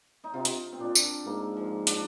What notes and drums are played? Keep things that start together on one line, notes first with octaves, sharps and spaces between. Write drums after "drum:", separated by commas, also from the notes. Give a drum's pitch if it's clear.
D#4
C3 F4
drum: hi-hat
C4
A#2 D4
drum: tambourine
G#2 A#3
F3
D4, drum: hi-hat